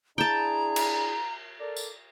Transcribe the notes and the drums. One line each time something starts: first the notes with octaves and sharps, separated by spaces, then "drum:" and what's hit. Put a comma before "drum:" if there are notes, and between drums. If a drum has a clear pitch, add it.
D4 E4 G#4 G5 A5 A#5
drum: cymbal
A4 A#4 D5
drum: tambourine